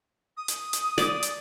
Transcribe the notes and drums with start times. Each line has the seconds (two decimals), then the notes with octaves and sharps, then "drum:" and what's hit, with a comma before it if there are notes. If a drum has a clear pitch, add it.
0.37 D#6
0.48 drum: hi-hat
0.73 drum: hi-hat
0.98 D5, drum: snare
1.23 drum: hi-hat